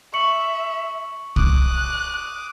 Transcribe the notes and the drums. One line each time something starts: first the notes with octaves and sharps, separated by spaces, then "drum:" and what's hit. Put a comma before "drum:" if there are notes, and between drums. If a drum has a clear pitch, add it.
E5 C#6 C#7 F#7
D6 D#6 F#6, drum: kick